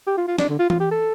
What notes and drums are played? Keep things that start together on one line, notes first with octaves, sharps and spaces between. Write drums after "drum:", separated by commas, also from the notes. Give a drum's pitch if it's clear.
G4
F4
F4
D4, drum: snare
D3
F4
F4, drum: tom E3
G4
A4